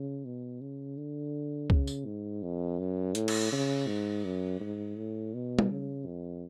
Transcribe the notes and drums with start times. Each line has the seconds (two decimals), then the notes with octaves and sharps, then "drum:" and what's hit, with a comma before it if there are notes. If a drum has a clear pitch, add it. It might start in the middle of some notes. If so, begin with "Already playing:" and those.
Already playing: C#3
0.25 B2
0.61 C#3
0.97 D3
1.70 C#3, drum: kick
1.87 drum: tambourine
2.06 G#2
2.43 F2
2.79 F#2
3.15 A2, drum: hi-hat
3.28 drum: cymbal
3.52 C#3
3.88 G#2
4.25 F#2
4.60 G#2
4.97 A2
5.34 B2
5.59 drum: tom G3
5.70 C#3
6.06 F2